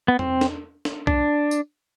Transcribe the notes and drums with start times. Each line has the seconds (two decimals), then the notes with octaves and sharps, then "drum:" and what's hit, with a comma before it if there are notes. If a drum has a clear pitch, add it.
0.08 B3
0.19 C4, drum: tom E2
0.41 drum: snare
0.85 drum: snare
1.07 D4, drum: kick B1
1.51 drum: tambourine